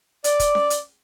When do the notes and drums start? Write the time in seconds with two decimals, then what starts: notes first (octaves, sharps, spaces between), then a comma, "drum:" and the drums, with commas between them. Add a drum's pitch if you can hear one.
0.24 D5, drum: hi-hat
0.40 drum: kick, hi-hat
0.55 drum: snare C#4
0.70 drum: hi-hat